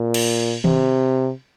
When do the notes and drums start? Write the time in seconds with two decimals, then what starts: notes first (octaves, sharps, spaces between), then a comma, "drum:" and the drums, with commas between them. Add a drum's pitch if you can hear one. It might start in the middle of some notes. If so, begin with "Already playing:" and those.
Already playing: A#2
0.14 drum: cymbal
0.64 C3, drum: tom D#3